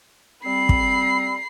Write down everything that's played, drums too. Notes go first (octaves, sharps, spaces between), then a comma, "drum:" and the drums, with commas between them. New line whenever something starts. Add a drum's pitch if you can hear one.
G3 C4 B5 C7
drum: kick